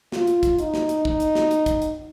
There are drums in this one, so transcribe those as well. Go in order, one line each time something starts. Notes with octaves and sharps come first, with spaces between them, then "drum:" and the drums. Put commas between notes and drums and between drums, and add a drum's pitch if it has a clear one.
F4, drum: snare
drum: hi-hat
drum: kick, hi-hat
D#4, drum: hi-hat
drum: snare
drum: hi-hat
D#4, drum: kick
drum: hi-hat
drum: snare
drum: hi-hat
drum: kick, hi-hat
drum: hi-hat